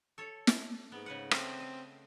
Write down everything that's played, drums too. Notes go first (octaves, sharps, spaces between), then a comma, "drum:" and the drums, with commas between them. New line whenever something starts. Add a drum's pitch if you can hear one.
A4 C#5
drum: snare
G#2 B3
C#3 B4 F#5
A3 C4, drum: rim click
D#5